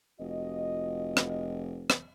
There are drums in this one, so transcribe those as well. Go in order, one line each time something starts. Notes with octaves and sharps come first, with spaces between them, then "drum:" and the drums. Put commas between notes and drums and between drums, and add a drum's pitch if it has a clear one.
F1 F4 F#4 D#5
drum: rim click
drum: rim click